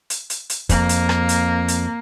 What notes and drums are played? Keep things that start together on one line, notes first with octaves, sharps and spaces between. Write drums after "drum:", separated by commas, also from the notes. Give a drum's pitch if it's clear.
drum: hi-hat
drum: hi-hat
drum: hi-hat
F2 A#3, drum: kick, hi-hat
drum: hi-hat
drum: rim click
drum: hi-hat
drum: hi-hat